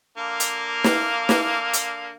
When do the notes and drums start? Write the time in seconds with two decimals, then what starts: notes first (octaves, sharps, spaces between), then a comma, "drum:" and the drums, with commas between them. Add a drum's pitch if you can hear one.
0.18 D3 A#3 F5
0.40 drum: hi-hat
0.84 drum: snare
1.29 drum: snare
1.73 drum: hi-hat